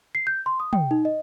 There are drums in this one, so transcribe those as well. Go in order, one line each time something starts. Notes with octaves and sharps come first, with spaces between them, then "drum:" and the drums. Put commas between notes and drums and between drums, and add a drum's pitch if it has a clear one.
C7
G6
C6
D#6
G5, drum: tom
D#4
D#5